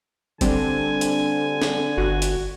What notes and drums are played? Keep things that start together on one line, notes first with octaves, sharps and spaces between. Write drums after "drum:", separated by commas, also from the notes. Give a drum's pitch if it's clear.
D3 G3 C4 D4 G#5, drum: kick, hi-hat
drum: hi-hat
drum: snare
G1 F#4
drum: hi-hat